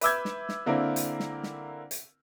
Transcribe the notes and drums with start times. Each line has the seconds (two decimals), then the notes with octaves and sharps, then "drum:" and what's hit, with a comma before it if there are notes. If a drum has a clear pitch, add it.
0.01 B4 E5 D6 E6 G6 G#6, drum: hi-hat
0.25 drum: snare
0.49 drum: snare
0.66 D3 A#3 C4 E4 A#4
0.96 drum: hi-hat
1.20 drum: snare
1.43 drum: snare
1.91 drum: hi-hat